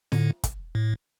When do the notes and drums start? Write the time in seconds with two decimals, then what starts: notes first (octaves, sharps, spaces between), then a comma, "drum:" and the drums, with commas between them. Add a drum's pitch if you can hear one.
0.12 A2 D3, drum: snare
0.44 drum: kick, hi-hat
0.75 A2